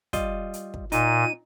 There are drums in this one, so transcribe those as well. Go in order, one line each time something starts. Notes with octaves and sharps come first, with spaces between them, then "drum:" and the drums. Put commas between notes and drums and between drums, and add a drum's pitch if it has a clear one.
G3 F4 D#5, drum: kick, hi-hat
drum: hi-hat
drum: kick
A#2 D#4 D#7, drum: hi-hat